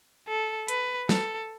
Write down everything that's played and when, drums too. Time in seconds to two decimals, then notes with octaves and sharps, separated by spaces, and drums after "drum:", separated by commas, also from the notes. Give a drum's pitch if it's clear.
0.28 A4
0.68 B4, drum: hi-hat
1.09 A4, drum: snare